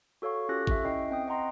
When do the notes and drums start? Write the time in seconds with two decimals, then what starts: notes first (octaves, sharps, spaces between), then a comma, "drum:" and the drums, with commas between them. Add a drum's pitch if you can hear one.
0.22 F#4 A4 C#5 F5 C#6
0.49 C#4 F4 G4 A4 F#6 A#6
0.67 E5 C#6, drum: kick G#1
0.84 C#4 E4 D#5 E5 G5 C7
1.11 C4 G5 D#6
1.27 D#5 F#5 G5 A#5 C6